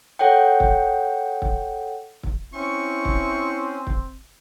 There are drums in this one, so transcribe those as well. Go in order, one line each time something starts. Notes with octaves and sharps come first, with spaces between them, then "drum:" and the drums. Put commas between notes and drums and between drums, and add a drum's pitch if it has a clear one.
A4 C#5 F#5 G5
drum: kick
drum: kick
drum: kick
C4 C#4 E4 C#6
drum: kick
drum: kick